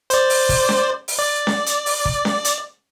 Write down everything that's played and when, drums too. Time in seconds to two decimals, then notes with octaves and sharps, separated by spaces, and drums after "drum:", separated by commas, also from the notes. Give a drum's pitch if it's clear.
0.10 C5 D5, drum: hi-hat
0.30 drum: open hi-hat
0.49 drum: kick, open hi-hat
0.69 drum: snare C#4
1.08 drum: open hi-hat
1.19 D5
1.47 drum: snare C#4
1.66 drum: hi-hat
1.86 drum: open hi-hat
2.05 drum: kick
2.25 drum: snare C#4
2.45 drum: hi-hat